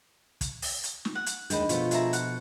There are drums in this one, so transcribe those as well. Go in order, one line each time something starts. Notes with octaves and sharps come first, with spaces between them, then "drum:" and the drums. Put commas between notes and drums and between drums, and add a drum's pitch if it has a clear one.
drum: kick, hi-hat
drum: open hi-hat
drum: hi-hat
drum: snare
F#5
drum: hi-hat
D#2 D#3 G#3 D4 D#5 B5, drum: hi-hat
B2 F3 A3 F4, drum: hi-hat
G#4 E5 A#5, drum: hi-hat
F#5, drum: hi-hat